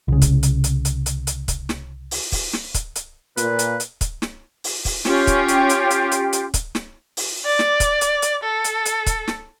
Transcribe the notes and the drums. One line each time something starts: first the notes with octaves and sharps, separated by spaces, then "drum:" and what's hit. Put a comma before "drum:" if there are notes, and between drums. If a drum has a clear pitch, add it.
C2 C#3
drum: kick, hi-hat
drum: hi-hat
drum: hi-hat
drum: hi-hat
drum: hi-hat
drum: hi-hat
drum: kick, hi-hat
drum: snare
drum: open hi-hat
drum: kick, open hi-hat
drum: snare
drum: kick, hi-hat
drum: hi-hat
A#2 B4, drum: hi-hat
drum: hi-hat
drum: hi-hat
drum: kick, hi-hat
drum: snare
drum: open hi-hat
drum: kick, open hi-hat
C#4 F4 G4 G5, drum: snare
drum: kick, hi-hat
drum: hi-hat
drum: hi-hat
drum: hi-hat
drum: hi-hat
drum: hi-hat
drum: kick, hi-hat
drum: snare
drum: open hi-hat
D5
drum: snare
drum: kick, hi-hat
drum: hi-hat
drum: hi-hat
A4
drum: hi-hat
drum: hi-hat
drum: kick, hi-hat
drum: snare